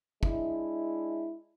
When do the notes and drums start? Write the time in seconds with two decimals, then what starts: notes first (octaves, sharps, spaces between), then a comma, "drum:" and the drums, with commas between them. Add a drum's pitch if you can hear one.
0.23 G#3 D4 E4, drum: kick